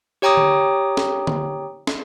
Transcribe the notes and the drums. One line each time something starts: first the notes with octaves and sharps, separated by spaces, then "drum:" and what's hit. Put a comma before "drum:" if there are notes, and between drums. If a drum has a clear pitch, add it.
G4 C#5 G5 A#5 D6 D#6
drum: tom D3
drum: snare
drum: tom D3
drum: snare